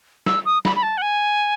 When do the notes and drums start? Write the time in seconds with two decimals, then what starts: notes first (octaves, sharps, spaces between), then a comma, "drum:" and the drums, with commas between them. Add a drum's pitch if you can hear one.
0.26 E6, drum: snare
0.45 D#6
0.65 B5, drum: snare
0.76 B5
0.83 A5
0.97 F#5
1.02 G#5